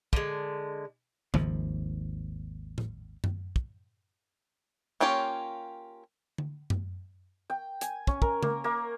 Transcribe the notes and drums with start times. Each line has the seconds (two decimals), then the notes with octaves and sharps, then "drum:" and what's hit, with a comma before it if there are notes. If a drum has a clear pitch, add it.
0.13 D3 G#3, drum: kick
1.34 G#1 D#2 F3, drum: tom C#3
2.78 drum: tom A2
3.24 drum: tom F#2
3.56 drum: kick
5.00 A#3 C#4 F4 G4 C#5
6.38 drum: tom D3
6.70 drum: tom F#2
7.50 G5
7.81 G#5, drum: hi-hat
8.07 C#4, drum: kick
8.22 A#4, drum: kick
8.43 A#3, drum: tom C#3
8.64 A#3